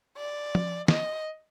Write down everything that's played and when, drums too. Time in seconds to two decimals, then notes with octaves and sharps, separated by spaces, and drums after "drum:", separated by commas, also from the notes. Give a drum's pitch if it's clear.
0.18 D5
0.55 drum: tom
0.88 D#5, drum: snare